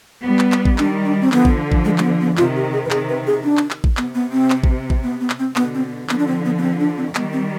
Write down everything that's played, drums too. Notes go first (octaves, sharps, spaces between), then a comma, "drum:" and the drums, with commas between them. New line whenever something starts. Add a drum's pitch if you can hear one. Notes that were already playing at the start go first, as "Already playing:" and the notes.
G3 B3
drum: clap
drum: clap
drum: kick A1
D#3 G3 D4, drum: clap
D4
C4
D3 F3 B3, drum: clap
drum: kick A1
drum: kick A1
G#3
G#3, drum: clap
B3
B3
C3 D#3 F4, drum: clap
G4
G#4
B4
C3 D#3 G#4, drum: clap
B4
G#4
D4
drum: clap
drum: clap
drum: kick A1
C3 B3, drum: clap
B3
C4
drum: clap
drum: kick A1
drum: kick A1
B3
B3
drum: clap
C4
B2 D3 B3, drum: clap
C4
D3 F3 B3, drum: clap
D4
C4
B3
B3
C4
D4
C4
D#3 G3 B3, drum: clap
C4